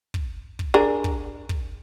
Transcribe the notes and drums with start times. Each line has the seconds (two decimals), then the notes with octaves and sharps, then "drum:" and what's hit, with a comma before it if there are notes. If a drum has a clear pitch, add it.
0.14 drum: kick
0.59 drum: kick
0.74 D4 G#4 A#4
1.04 drum: kick
1.49 drum: kick